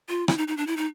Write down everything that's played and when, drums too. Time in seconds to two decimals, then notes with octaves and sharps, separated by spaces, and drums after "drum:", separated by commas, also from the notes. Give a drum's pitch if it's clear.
0.09 F4
0.28 E4, drum: rim click
0.38 D#4
0.48 D#4
0.57 D4
0.67 E4
0.77 D#4